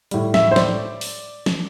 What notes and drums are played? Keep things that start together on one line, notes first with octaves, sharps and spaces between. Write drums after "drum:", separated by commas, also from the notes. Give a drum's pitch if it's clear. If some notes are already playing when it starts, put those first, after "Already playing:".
A2 G3, drum: hi-hat
E5, drum: snare
C5
D5, drum: snare
drum: open hi-hat
drum: snare